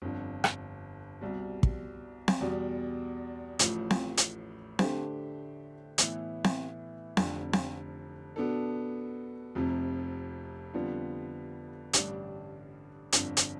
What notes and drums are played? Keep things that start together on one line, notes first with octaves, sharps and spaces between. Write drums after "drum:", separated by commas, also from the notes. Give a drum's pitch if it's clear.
G1 F2 D3
drum: rim click
C2 B2 G3
drum: kick
drum: snare C4
E2 B2 G3
A1 A2 F3, drum: hi-hat
drum: snare C4
drum: hi-hat
D3 A3 D4 G4 C5, drum: snare C4
A2 E3 B3 E4, drum: hi-hat
drum: snare C4
F1 F2 D3, drum: snare C4
drum: snare C4
B2 B3 D4 A4
F1 F2 C3
F2 D3 G3 B3 F4
A1 G2 D3 G3 D4, drum: hi-hat
G1 F2 D3, drum: hi-hat
drum: hi-hat